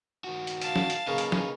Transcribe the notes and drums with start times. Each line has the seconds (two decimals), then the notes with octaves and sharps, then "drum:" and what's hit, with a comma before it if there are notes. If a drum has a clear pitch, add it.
0.24 D#3 F#4
0.47 drum: hi-hat
0.61 F5 A5, drum: hi-hat
0.76 drum: snare
0.90 drum: hi-hat
1.07 C#3 A#3 D#4 B4
1.18 drum: hi-hat
1.32 drum: snare